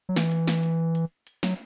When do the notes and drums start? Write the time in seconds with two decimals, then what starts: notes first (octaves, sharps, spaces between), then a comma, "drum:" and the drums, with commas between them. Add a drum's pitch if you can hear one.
0.09 F#3
0.16 E3, drum: snare
0.32 drum: hi-hat
0.48 drum: snare
0.63 drum: hi-hat
0.95 drum: hi-hat
1.27 drum: hi-hat
1.43 F#3, drum: snare